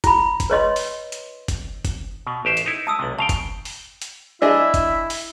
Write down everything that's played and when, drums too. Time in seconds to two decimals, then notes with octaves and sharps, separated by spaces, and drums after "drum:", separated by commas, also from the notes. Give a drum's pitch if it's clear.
0.04 E4 B5, drum: kick F#1, hi-hat
0.40 drum: kick F#1, hi-hat
0.50 B4 C#5 D#5 C6
0.76 drum: open hi-hat
1.12 drum: hi-hat
1.48 drum: kick F#1, hi-hat
1.85 drum: kick F#1, hi-hat
2.27 B2
2.45 A1 G4 C5
2.57 drum: hi-hat
2.66 D#4 E4
2.87 A5 D#6 E6
2.99 B1 C3
3.19 C#3 F5 G5 A5
3.29 drum: kick F#1, hi-hat
3.65 drum: open hi-hat
4.02 drum: hi-hat
4.42 D4 E4 G#4 D#5 E5
4.74 drum: kick F#1, hi-hat
5.10 drum: open hi-hat